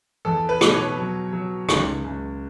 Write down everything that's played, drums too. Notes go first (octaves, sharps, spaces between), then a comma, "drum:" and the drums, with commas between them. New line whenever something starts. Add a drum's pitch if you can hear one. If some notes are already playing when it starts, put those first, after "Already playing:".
E2 A4
B4
B2, drum: rim click
C#5
F#3
F#3
C#2, drum: rim click
C#2